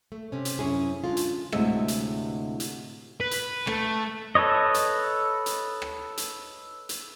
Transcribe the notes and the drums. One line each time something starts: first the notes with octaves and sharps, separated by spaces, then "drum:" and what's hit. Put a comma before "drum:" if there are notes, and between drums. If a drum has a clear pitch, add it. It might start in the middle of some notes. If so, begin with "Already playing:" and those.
A3
C3 C#4
drum: hi-hat
F#2 C#4 E4 G#4
D3 G#3 F4
drum: hi-hat
D2 A2 C3 G#3 D#5 E5, drum: rim click
drum: hi-hat
drum: hi-hat
B4
drum: hi-hat
A3, drum: rim click
A4 B4 C#5 D#5
drum: hi-hat
drum: hi-hat
drum: rim click
drum: hi-hat
drum: hi-hat